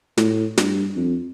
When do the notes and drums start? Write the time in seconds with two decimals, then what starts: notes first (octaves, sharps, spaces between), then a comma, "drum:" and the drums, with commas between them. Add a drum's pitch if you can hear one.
0.17 A2, drum: snare
0.58 G2, drum: snare
0.96 F2